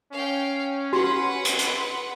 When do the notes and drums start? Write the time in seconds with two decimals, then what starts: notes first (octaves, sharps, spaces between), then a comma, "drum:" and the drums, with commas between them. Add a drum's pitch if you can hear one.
0.12 C#4 F5 G5
0.93 F#4 B4 F#5 C6
1.45 drum: hi-hat
1.59 drum: hi-hat